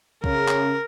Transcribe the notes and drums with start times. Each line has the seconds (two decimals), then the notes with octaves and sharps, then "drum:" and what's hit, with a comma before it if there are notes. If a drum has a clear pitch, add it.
0.24 C#3 A#4, drum: kick
0.48 drum: clap